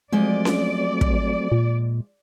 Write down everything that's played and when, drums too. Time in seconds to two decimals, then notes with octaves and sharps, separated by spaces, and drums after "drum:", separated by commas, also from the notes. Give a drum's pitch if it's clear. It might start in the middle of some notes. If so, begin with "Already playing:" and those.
0.12 F3 F#3 G#3 A3 C4 D5 D#5
0.45 drum: snare C#4
1.01 drum: kick
1.52 A#2